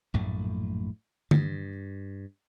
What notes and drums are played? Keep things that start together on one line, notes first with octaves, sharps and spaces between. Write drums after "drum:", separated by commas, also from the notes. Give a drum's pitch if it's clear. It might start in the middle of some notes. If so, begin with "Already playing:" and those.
A#1 F#2 A2 A3
G2, drum: tom